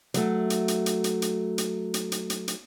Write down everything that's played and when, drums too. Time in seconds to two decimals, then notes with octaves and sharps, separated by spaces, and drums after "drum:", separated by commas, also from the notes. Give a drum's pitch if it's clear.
0.14 F#3 A3, drum: hi-hat
0.50 drum: hi-hat
0.68 drum: hi-hat
0.86 drum: hi-hat
1.04 drum: hi-hat
1.22 drum: hi-hat
1.58 drum: hi-hat
1.94 drum: hi-hat
2.12 drum: hi-hat
2.30 drum: hi-hat
2.48 drum: hi-hat